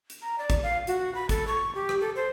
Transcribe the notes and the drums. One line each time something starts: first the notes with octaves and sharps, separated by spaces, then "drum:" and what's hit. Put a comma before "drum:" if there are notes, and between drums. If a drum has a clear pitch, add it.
drum: hi-hat
A#5
D5
drum: kick, hi-hat
F5
F#4, drum: hi-hat
B5
A4, drum: kick, hi-hat
C#6
G4
drum: rim click
A4
C5